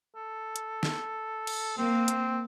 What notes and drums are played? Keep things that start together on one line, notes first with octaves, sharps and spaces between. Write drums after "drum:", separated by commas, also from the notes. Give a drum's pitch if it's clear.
A4
drum: hi-hat
drum: snare
drum: cymbal
A#3 C4
drum: hi-hat